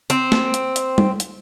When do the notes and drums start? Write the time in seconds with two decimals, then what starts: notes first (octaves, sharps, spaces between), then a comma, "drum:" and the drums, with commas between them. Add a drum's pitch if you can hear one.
0.10 C4, drum: hi-hat
0.32 drum: snare
0.54 drum: hi-hat
0.76 drum: hi-hat
0.98 drum: tom
1.20 drum: hi-hat